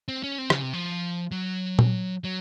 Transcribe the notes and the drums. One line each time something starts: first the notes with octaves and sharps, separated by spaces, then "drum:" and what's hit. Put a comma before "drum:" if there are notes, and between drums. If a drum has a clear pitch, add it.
C4
C#4
C4
C#3, drum: rim click
C3
F3
F#3
drum: tom A#2
F#3